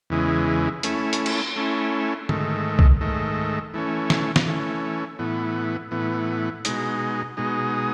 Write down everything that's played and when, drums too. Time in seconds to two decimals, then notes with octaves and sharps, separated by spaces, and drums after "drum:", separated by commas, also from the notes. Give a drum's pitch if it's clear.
0.10 E2 C#3 E3 G#3
0.83 A3 C#4 E4, drum: hi-hat
1.13 drum: hi-hat
1.26 drum: cymbal
1.56 A3 C#4 E4
2.29 G#2 D#3 A3, drum: tom D3
2.79 drum: kick
3.01 G#2 D#3 A3
3.74 E3 A3 C#4
4.10 drum: snare
4.36 drum: snare
4.46 E3 A3 C#4
5.19 A2 E3 B3
5.91 A2 E3 B3
6.65 B2 G#3 D#4, drum: hi-hat
7.37 B2 G#3 D#4